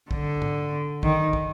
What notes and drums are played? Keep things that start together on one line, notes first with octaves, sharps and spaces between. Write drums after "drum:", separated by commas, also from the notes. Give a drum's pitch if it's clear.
D3, drum: kick
drum: tom
D#3, drum: kick
drum: kick